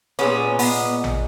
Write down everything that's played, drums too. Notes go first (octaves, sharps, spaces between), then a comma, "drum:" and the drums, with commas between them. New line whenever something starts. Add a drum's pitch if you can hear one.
A#2 G#3 B3 C#4
B3, drum: open hi-hat
drum: tom A1